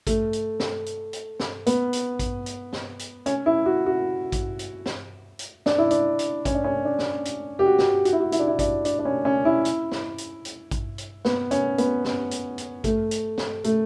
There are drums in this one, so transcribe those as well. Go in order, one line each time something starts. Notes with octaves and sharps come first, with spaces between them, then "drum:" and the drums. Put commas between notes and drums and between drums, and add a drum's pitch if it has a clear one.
A3, drum: kick A1, hi-hat
drum: hi-hat
drum: snare
drum: hi-hat
drum: hi-hat
drum: snare
B3, drum: hi-hat
drum: hi-hat
drum: kick A1, hi-hat
drum: hi-hat
drum: snare
drum: hi-hat
C#4, drum: hi-hat
E4
F#4
F#4
drum: kick A1, hi-hat
drum: hi-hat
drum: snare
drum: hi-hat
D4, drum: snare
E4
D4, drum: hi-hat
drum: hi-hat
C#4, drum: kick A1, hi-hat
D4
C#4
D4
drum: snare
drum: hi-hat
G4
F#4
drum: snare
F#4, drum: hi-hat
E4
F#4
E4, drum: hi-hat
D4
E4
D4, drum: kick A1, hi-hat
D4, drum: hi-hat
D4
C#4
C#4
E4
drum: hi-hat
drum: snare
drum: hi-hat
drum: hi-hat
drum: kick A1, hi-hat
drum: hi-hat
B3, drum: snare
C#4, drum: hi-hat
B3, drum: hi-hat
drum: snare
drum: hi-hat
drum: hi-hat
A3, drum: kick A1, hi-hat
drum: hi-hat
drum: snare
A3, drum: hi-hat